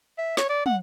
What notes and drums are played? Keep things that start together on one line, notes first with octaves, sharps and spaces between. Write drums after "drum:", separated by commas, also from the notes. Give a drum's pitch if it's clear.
E5
C#5, drum: snare
D5
F#5, drum: tom